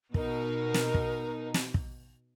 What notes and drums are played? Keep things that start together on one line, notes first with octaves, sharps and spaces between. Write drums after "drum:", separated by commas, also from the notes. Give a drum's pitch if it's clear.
B2 D#4 A#4, drum: kick
drum: snare
drum: kick
drum: snare
drum: kick